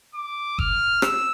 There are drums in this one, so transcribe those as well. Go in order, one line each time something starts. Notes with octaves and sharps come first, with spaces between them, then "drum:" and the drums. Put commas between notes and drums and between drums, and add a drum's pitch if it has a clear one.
D6
F6, drum: kick F#1
E6, drum: rim click